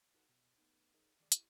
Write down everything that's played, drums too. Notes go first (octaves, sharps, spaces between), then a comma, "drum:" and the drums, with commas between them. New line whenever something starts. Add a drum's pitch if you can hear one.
D#4 F#4 A4 B4 C#5 F5
B2
A3 B3 D#4
D#4 G#4 A#4 C#5 E5
D#3 E3 G#3 D5
E4 G4, drum: hi-hat